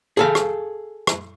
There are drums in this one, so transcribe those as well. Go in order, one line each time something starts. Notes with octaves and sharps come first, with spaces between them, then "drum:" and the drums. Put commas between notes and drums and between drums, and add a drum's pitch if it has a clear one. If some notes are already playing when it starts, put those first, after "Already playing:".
G#4 A4 F5
drum: rim click
drum: rim click